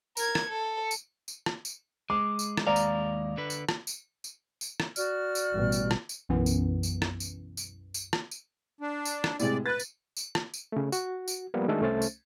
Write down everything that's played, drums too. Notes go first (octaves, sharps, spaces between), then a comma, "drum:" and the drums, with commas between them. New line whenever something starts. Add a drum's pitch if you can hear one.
A#4 G#6, drum: tambourine
drum: rim click
A4
drum: tambourine
drum: tambourine
drum: rim click
drum: tambourine
G#3 D6
drum: tambourine
drum: rim click
D#2 G#3 D5 F5 A#5
drum: tambourine
D3 B4
drum: tambourine
drum: rim click
drum: tambourine
drum: tambourine
drum: tambourine
drum: rim click
F#4 D5 F6, drum: tambourine
drum: tambourine
A1 B2 G3
drum: tambourine
drum: rim click
drum: tambourine
B1 F#2 E3 B3
drum: tambourine
drum: tambourine
drum: rim click
drum: tambourine
drum: tambourine
drum: tambourine
drum: rim click
drum: tambourine
D4
drum: tambourine
drum: rim click
A2 C3 G#3 D5, drum: tambourine
B4 F#6 A6
drum: tambourine
drum: tambourine
drum: rim click
drum: tambourine
C#3 A3
F#4, drum: tambourine
drum: tambourine
F3 G3 A#3 B3
D#3 G#3 A3 D4 F#4 A4
C2 A3 C#4 C5 A6
drum: tambourine